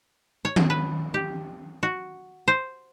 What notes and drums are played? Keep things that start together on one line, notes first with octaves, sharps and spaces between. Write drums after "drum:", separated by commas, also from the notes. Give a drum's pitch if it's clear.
C#5
drum: tom D#3
B4
G4
F#4
C5